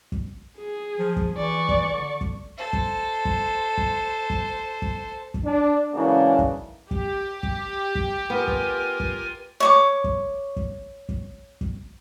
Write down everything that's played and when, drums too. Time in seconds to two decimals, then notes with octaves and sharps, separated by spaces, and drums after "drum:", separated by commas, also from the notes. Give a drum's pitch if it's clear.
0.12 drum: kick
0.57 G#4
0.99 F3
1.16 drum: kick
1.37 E3 D5 C#6
1.69 drum: kick
1.91 D3
2.21 drum: kick
2.58 A4 C5
2.73 drum: kick
3.25 drum: kick
3.78 drum: kick
4.30 drum: kick
4.82 drum: kick
5.34 drum: kick
5.45 D4
5.94 G#2 C#3 E3 A#3 D4 F#4
6.39 drum: kick
6.91 G4, drum: kick
7.43 drum: kick
7.95 drum: kick
8.30 B3 F4 A#4 G#5
8.48 drum: kick
9.00 drum: kick
9.60 C#5 C#6 D6
10.04 drum: kick
10.56 drum: kick
11.09 drum: kick
11.61 drum: kick